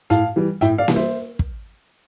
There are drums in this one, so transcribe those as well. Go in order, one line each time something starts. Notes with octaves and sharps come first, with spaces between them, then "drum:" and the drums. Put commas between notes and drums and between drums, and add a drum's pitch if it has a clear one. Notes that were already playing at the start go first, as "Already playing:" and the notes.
A2 F5 A5, drum: hi-hat
E3 G3
A2 E5 G5, drum: hi-hat
D5 F5
E3 G3, drum: snare A#3
C5 E5
drum: kick